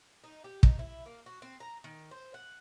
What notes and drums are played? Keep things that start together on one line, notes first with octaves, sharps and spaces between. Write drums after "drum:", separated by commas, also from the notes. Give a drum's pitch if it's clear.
D#4
G4
D#4, drum: kick
E4
A#3
F#4
C4
A#5
D#3
C5
F#5